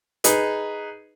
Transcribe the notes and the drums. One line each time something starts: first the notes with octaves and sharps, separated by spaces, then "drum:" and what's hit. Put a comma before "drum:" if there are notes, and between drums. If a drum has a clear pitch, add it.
D#4 G#4 B4, drum: hi-hat